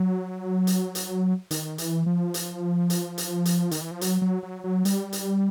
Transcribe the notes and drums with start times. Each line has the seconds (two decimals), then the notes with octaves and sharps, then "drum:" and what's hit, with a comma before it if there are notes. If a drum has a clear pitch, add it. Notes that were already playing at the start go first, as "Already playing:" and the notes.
Already playing: F#3
0.67 drum: hi-hat
0.95 drum: hi-hat
1.51 D#3, drum: hi-hat
1.78 E3, drum: hi-hat
2.06 F3
2.34 drum: hi-hat
2.90 drum: hi-hat
3.18 drum: hi-hat
3.45 drum: hi-hat
3.71 D#3, drum: hi-hat
3.81 E3
3.91 F3
4.01 F#3, drum: hi-hat
4.22 F#3
4.43 F#3
4.64 F#3
4.85 G3, drum: hi-hat
5.13 drum: hi-hat